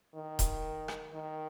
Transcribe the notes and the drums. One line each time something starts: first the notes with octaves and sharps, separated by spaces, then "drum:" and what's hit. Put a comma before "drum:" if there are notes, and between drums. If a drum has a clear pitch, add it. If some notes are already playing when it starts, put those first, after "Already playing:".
D#3
drum: kick D#1, hi-hat
drum: rim click
D#3